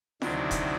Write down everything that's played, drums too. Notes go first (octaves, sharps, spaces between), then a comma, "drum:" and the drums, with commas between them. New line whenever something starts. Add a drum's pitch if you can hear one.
D2 C3 D#3 F#3 D4 E4, drum: snare
drum: kick E1, hi-hat